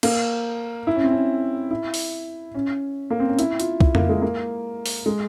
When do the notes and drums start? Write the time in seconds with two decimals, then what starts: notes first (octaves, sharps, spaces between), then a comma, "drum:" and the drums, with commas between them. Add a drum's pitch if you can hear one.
0.03 A#3, drum: cymbal
0.87 E4
0.96 C#4
1.04 C4
1.12 C#4
1.71 E4
1.94 drum: open hi-hat
2.55 C#4
3.10 A#3
3.20 C4
3.29 C#4
3.39 E4, drum: hi-hat
3.60 F4, drum: hi-hat
3.81 E4, drum: kick C2
3.95 A#3, drum: tom F2
4.09 G#3
4.22 A#3
4.86 drum: open hi-hat
5.06 G#3